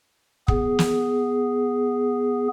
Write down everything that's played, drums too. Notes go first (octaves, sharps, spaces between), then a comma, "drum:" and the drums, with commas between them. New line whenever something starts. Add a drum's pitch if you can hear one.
B3 G#4, drum: kick
drum: snare